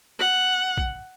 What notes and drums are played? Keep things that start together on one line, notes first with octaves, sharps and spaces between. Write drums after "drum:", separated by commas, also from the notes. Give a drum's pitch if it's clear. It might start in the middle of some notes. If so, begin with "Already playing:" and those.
F#5
drum: kick